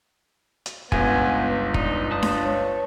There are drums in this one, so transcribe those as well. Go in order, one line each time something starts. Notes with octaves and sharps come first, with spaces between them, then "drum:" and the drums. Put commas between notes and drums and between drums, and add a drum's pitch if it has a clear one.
drum: hi-hat
G1 C#2 B3 G#5, drum: kick
D#4 D5, drum: kick
B4 A5 D#6
drum: snare D4
C#5